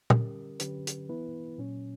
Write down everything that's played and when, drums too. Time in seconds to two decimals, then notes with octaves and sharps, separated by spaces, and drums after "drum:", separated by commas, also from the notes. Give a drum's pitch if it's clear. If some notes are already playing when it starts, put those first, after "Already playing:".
0.10 D3 G3 C#4 G4 A#4, drum: tom
0.60 D3 F#3 C#4 G4 B4, drum: hi-hat
0.87 drum: hi-hat
1.09 E3 B3 E4 B4
1.58 A#2 F#3 C#4